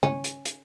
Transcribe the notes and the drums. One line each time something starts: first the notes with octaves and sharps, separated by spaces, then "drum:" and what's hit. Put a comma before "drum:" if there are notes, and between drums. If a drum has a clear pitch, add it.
C#4, drum: tom C#3
drum: hi-hat
drum: hi-hat